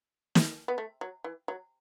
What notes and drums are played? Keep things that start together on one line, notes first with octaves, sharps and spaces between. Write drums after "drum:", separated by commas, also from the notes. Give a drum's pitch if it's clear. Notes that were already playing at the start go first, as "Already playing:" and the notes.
drum: snare
B3
A3
F#3
E3
F#3